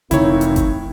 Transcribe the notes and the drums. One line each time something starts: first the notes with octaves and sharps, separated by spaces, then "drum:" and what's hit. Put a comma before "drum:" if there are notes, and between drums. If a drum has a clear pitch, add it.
F1 E3 A#3 C4 D#4 E4 C#5, drum: hi-hat
drum: hi-hat
drum: kick G#1, hi-hat